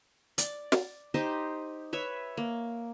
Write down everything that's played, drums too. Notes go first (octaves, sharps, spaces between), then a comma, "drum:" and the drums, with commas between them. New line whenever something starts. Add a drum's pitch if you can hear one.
D5, drum: hi-hat
drum: snare
D#4 G4 C5 D#5
B4 C#5 E5
A#3